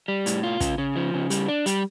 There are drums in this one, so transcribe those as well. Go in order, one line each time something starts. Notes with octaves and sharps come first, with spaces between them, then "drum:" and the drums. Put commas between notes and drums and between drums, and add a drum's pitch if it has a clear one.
G3
A2, drum: hi-hat
F4
C#3, drum: kick, hi-hat
C#3
F3
C#3
G3, drum: hi-hat
D4
G3, drum: hi-hat